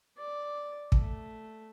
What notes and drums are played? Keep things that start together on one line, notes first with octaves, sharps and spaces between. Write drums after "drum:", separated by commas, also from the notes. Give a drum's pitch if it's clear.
D5
A3, drum: kick